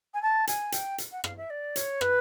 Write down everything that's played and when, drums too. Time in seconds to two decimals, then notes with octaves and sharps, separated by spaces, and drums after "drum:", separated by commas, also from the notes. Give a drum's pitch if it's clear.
0.14 G#5
0.22 A5
0.47 G#5, drum: hi-hat
0.72 G5, drum: hi-hat
0.98 drum: hi-hat
1.12 F#5
1.24 F5, drum: rim click
1.37 E5
1.50 D5
1.76 C#5, drum: hi-hat
2.01 B4, drum: rim click